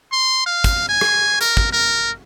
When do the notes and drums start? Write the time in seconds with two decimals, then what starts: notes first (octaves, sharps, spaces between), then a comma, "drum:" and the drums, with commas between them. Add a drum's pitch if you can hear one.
0.12 C6
0.46 F5
0.64 drum: kick, hi-hat
0.89 G#5
1.01 drum: rim click
1.41 A#4, drum: hi-hat
1.57 drum: kick
1.72 A#4